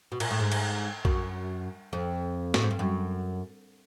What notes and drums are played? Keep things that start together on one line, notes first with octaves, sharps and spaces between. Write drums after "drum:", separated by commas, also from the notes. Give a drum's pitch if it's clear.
B2
A#2, drum: cymbal
A2
G#2
drum: cymbal
F#2, drum: kick
F2
A2, drum: snare
G#2
G2
F#2